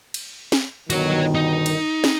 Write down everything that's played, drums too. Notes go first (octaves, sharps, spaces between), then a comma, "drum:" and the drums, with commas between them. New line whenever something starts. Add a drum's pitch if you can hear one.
drum: cymbal
drum: snare
G1 B2 D#3 F#4 C#5, drum: cymbal
D#4
drum: cymbal
drum: snare